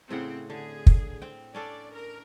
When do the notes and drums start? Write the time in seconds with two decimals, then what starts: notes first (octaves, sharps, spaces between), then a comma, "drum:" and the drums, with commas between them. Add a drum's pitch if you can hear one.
0.10 A2 C#3 C4 F#5
0.50 D3 G#4
0.87 drum: kick
1.22 C4 G5
1.55 C#4 D4 A4 D5
1.91 A#4